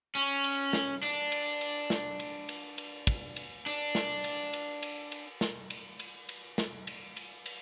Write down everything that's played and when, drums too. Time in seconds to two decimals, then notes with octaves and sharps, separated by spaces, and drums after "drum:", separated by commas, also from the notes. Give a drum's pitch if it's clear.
0.15 C#4, drum: cymbal
0.44 drum: cymbal
0.73 drum: snare
1.02 D4, drum: cymbal
1.32 drum: cymbal
1.61 drum: cymbal
1.90 drum: snare
2.19 drum: cymbal
2.49 drum: cymbal
2.78 drum: cymbal
3.07 drum: kick, cymbal
3.36 drum: cymbal
3.66 D4, drum: cymbal
3.95 drum: snare
4.24 drum: cymbal
4.53 drum: cymbal
4.83 drum: cymbal
5.12 drum: cymbal
5.41 drum: snare
5.70 drum: cymbal
6.00 drum: cymbal
6.29 drum: cymbal
6.58 drum: snare
6.87 drum: cymbal
7.16 drum: cymbal
7.46 drum: cymbal